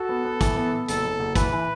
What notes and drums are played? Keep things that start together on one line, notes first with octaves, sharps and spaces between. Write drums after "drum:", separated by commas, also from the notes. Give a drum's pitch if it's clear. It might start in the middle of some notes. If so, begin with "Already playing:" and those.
Already playing: F#4 A4
B3
B3
E3, drum: kick, hi-hat
B3
B3
F#1 A4, drum: hi-hat
F#1
F#1
E3 B4, drum: kick, hi-hat
E3